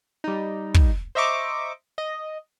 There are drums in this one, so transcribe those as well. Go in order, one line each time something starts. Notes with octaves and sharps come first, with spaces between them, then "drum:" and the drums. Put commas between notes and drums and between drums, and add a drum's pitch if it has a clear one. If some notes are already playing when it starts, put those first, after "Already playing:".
G3 D#4
drum: kick
C5 D#5 E5 A#5 C#6 D6
D#5